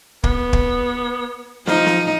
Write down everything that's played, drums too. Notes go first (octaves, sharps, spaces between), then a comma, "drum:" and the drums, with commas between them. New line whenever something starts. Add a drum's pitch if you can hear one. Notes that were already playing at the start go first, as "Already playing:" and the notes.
B3, drum: kick
drum: kick
F3 D#4, drum: snare
drum: snare